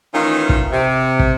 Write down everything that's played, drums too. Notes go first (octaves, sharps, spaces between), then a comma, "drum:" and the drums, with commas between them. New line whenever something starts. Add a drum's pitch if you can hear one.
D#3 E3 A3 C#4 D#4 F4
drum: kick
C3
drum: kick